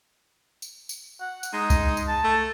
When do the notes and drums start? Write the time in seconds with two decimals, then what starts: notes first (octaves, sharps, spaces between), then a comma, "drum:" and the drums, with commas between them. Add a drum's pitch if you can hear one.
0.62 drum: tambourine
0.89 drum: tambourine
1.21 F#5
1.43 drum: tambourine
1.53 G#3 D#4
1.70 drum: kick C2, tambourine
1.97 drum: tambourine
2.08 A5
2.24 A3